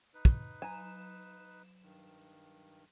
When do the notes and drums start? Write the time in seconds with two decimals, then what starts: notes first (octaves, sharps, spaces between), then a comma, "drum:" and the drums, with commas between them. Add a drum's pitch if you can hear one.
0.14 D#4 B4
0.25 drum: kick
0.62 F#3 G#5 A#5 E7
1.83 G2 D#3